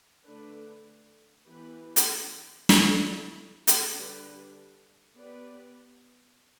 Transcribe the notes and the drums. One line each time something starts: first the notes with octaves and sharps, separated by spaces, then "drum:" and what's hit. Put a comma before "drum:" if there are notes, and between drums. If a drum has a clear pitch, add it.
D3 A3 D4 B4
E3 B3 G4 B4
drum: hi-hat
G3 E4 A4, drum: snare
drum: hi-hat
D3 G3 D4 G4 B4
B3 G4 B4 D5